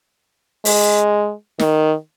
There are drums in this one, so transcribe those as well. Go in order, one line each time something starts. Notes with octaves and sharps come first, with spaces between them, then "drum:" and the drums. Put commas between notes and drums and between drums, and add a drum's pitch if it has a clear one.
G#3, drum: open hi-hat
D#3, drum: snare